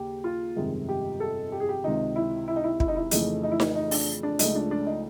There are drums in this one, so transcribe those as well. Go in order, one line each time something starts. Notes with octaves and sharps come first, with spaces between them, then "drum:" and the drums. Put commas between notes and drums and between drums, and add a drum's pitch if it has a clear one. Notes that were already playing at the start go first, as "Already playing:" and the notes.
Already playing: D#2 C#3 G4
F4
G1 F2 C3 D#3 G#3
G4
A4
G4
G#4
G4
C#2 C3 D#3 D#4
E4
E4
D#4
E4
E4, drum: kick
D#4
E4
F2 C#3 E3 A3 D#4, drum: hi-hat
D#4
E4
D#4, drum: snare D#4
D#4
D4, drum: open hi-hat
D4
C#2 C#3 F3 A3 D#4, drum: hi-hat
D4
D4
D#4